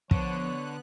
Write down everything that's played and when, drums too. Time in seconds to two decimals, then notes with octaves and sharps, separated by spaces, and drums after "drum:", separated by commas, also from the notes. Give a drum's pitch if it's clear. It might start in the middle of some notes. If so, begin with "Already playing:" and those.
0.11 D3 F3 B3 C#5 F#6, drum: kick